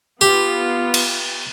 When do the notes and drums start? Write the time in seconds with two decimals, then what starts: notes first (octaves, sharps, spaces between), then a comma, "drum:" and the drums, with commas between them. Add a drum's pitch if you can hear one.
0.21 B3 F4 G4
0.94 drum: cymbal